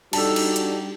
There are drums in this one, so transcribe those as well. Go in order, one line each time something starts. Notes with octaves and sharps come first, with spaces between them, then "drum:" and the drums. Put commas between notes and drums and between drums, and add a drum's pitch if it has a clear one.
G3 D4 D#4 F#4 A4 A5, drum: cymbal
drum: cymbal
drum: hi-hat